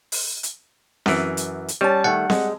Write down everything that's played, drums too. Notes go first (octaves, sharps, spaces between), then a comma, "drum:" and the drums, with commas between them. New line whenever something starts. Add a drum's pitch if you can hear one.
drum: open hi-hat
drum: hi-hat
F#2 E3, drum: snare C4
drum: hi-hat
drum: hi-hat
G3 C#4 A5
D#3 A3 F#5
G#3, drum: snare C4